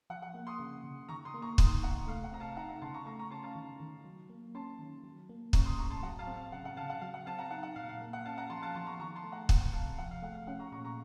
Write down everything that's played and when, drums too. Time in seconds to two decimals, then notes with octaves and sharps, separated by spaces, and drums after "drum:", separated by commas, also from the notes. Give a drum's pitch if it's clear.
0.10 F3 F#5
0.22 F#5
0.34 A#3
0.47 C6 D#6
0.59 C#3
0.84 C#3
1.09 D#3 A#5 C#6
1.25 C6 D#6
1.34 A#3
1.42 A#5 C#6
1.58 D#4 C6 D#6, drum: kick
1.83 C3 F#5 A#5
2.07 A3 F5
2.24 F#5
2.32 C4 A#5
2.40 F5 A5
2.57 D#4 F#5 A#5
2.69 F#5 A#5
2.81 C#3 A5 C6
2.94 A#5 C#6
3.06 A3 A#5 C#6
3.19 A#5 C#6
3.31 C#4 A5 C6
3.43 F5 A5
3.56 D#3
3.80 D#3
4.05 F#3
4.30 A#3
4.55 C#4 A5 C6
4.79 D#3
5.04 F#3
5.29 A#3
5.53 C#4 A#5 C#6, drum: kick
5.66 C6 D#6
5.78 A2 A#5 C#6
5.90 A5 C6
6.03 F#3 F#5 A#5
6.19 F5 A5
6.27 C4
6.36 F5
6.52 C#3 F#5
6.65 F#5
6.77 C#3 F5 A5
6.90 F#5
7.01 F#3 F5
7.14 F#5
7.26 C4 F5 A5
7.39 F#5 A#5
7.51 D#4 F#5
7.63 F#5
7.76 A#2 F5
7.89 F5
8.01 A#3
8.13 F#5
8.25 C#4 F5 A5
8.38 F#5 A#5
8.50 F3 A5 C6
8.62 F5 A5
8.75 F3 A5 C6
8.87 A#5 C#6
8.99 D#3 A#5 C#6
9.15 A5 C6
9.24 A3
9.32 F#5 A#5
9.49 C4 F#5, drum: kick
9.73 C3 F5 A5
9.98 F3 F#5
10.11 F5
10.22 A3 F#5
10.35 F5
10.47 C#4 F#5
10.59 A#5 C#6
10.72 A#2 A#5 C#6
10.84 A#5 C#6